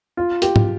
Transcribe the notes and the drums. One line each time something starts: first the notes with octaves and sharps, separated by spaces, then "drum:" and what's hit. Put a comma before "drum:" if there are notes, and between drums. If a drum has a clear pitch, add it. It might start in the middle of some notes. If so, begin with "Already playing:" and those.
F4
G4, drum: hi-hat
drum: tom G#2